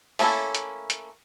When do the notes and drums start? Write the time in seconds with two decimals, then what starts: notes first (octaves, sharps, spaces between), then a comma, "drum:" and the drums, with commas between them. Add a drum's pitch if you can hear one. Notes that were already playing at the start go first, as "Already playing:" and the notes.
0.19 A3 A#3 C#4 E4 A4, drum: open hi-hat
0.55 drum: hi-hat
0.90 drum: hi-hat